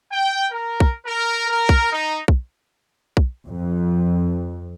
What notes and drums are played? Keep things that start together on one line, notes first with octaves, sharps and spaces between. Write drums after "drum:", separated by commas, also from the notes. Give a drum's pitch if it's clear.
G5
A#4
drum: kick
A#4
A#4
drum: kick
D#4
drum: kick
drum: kick
F2